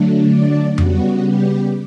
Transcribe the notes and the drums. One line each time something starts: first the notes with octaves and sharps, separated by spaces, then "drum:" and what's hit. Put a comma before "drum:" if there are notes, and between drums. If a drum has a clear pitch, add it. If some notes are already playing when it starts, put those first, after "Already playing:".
Already playing: D3 F#3 A3 D4
D5
C#3 G3 B3 F#4, drum: tom F2
G4